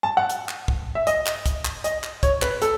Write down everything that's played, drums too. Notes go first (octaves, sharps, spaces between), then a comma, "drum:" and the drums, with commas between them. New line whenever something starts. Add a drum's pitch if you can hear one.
A5
F#5
drum: hi-hat
drum: clap
drum: kick
E5
D#5, drum: hi-hat
drum: clap
drum: kick, hi-hat
drum: clap
D#5, drum: hi-hat
drum: clap
C#5, drum: kick, hi-hat
B4, drum: clap
A4, drum: hi-hat